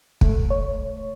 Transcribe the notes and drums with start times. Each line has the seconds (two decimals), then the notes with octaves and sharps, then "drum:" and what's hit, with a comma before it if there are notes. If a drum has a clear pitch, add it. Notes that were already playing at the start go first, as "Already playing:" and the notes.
0.21 A3, drum: kick
0.50 C#5